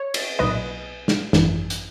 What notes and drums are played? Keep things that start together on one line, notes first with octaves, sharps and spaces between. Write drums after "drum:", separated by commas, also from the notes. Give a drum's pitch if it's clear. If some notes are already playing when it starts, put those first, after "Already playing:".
Already playing: C#5
drum: cymbal
B1 A#2 B4 D#5
drum: snare
G#1 F#2 E3, drum: snare
drum: hi-hat